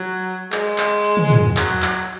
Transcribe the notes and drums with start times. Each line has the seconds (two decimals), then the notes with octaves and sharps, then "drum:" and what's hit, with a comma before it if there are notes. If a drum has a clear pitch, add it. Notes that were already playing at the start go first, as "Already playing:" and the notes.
Already playing: F#3
0.52 G#3, drum: clap
0.78 drum: clap
1.04 drum: cymbal
1.17 drum: tom
1.30 drum: tom
1.57 F#3, drum: clap
1.82 drum: clap